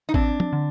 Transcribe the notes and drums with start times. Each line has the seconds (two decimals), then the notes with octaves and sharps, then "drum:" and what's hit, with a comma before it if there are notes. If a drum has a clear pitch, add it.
0.09 D#4
0.14 C4 D4, drum: kick A1
0.40 drum: tom
0.53 D3